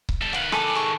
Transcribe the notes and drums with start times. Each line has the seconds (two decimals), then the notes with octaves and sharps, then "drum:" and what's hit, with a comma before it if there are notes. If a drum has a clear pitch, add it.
0.09 drum: kick C#1
0.21 G3 A4
0.33 D#3 B4 F5 F#5
0.52 A4 G#5 D6, drum: rim click
0.75 G#4 C#6